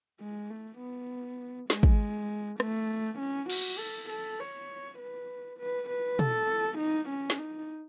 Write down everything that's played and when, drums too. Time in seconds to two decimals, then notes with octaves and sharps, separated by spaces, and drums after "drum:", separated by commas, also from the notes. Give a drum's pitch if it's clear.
0.20 G#3
0.50 A3
0.79 B3
1.70 G#3, drum: snare
1.83 drum: kick
2.60 A3, drum: rim click
3.19 C#4
3.50 F#4, drum: cymbal
3.79 A4
4.10 A4, drum: hi-hat
4.40 C#5
4.99 B4
5.58 B4
5.90 B4
6.19 A4, drum: tom
6.78 D#4
7.09 C#4
7.30 drum: snare
7.39 D#4